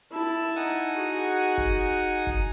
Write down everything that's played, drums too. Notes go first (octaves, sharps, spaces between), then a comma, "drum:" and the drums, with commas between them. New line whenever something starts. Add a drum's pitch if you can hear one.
E4 A5
D#4 F#5 G#5, drum: hi-hat
F#4 G#4
drum: kick
drum: kick